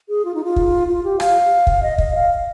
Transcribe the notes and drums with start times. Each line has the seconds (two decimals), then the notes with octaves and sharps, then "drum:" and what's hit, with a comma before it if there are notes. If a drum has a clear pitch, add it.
0.09 G#4
0.25 F4
0.34 D#4
0.44 F4
0.56 drum: kick
0.88 F4
1.03 G4
1.20 F5, drum: rim click
1.67 drum: kick
1.83 D#5
1.98 D#5, drum: kick
2.14 F5